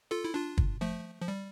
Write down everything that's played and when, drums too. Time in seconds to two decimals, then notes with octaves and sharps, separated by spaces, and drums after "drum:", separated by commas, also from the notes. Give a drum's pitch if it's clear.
0.11 F4 A4
0.24 E4
0.34 D4 F4
0.58 drum: kick
0.81 F3 A3
1.21 F3
1.28 G3